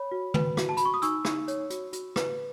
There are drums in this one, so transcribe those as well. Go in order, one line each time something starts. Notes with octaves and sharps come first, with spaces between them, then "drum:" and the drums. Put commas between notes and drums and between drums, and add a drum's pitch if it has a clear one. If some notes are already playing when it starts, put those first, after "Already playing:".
Already playing: C#5 B5
F#4
B4, drum: tom
F#4, drum: rim click
A5
F#4 B5, drum: hi-hat
C#6
D#6
D#4 C#6 E6, drum: hi-hat
D#4, drum: rim click
C#5, drum: hi-hat
F#4, drum: hi-hat
F#4, drum: hi-hat
B4, drum: rim click